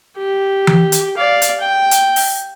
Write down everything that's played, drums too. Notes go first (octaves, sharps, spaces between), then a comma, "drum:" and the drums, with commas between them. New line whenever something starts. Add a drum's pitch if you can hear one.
G4
drum: tom E3
drum: hi-hat
D5 F5
drum: hi-hat
G5
drum: hi-hat
drum: open hi-hat